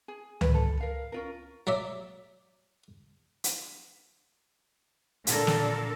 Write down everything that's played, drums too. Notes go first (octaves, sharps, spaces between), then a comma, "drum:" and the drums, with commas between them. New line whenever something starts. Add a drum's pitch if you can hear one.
G#4
B4, drum: tom C#2
A4
A#4 F5
C#4 F4 A#4
F#3 D5 E5
drum: hi-hat
A#2 D3 D4 A4 A#4, drum: hi-hat
drum: snare